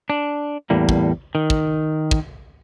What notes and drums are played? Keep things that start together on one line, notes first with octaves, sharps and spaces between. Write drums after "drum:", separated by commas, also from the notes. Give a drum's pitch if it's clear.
D4
E2 A2 G3 A#3
drum: kick
D#3
drum: kick
drum: kick